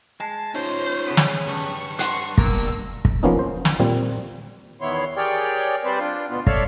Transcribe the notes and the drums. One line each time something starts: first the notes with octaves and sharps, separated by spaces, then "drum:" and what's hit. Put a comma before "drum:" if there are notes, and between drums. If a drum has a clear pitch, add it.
G#3 A5
C#4 D#4 F4 C5
C#3 B3
drum: snare
G2 C#6
F#5 C6 C#6, drum: hi-hat
B2 A#3 E6, drum: kick
drum: kick
F3 A#3 B3 C#4 D#4
C5
drum: snare
A#2 G3 C4
E2 D#3 B3 E4 C#5 C6
G4 G#4 A#4 C#5 D5 G5
G3 C4 B4 C5 D5
D4 F4
D2 B2 B3 F4
A4 C#5 D5 E5 F5, drum: kick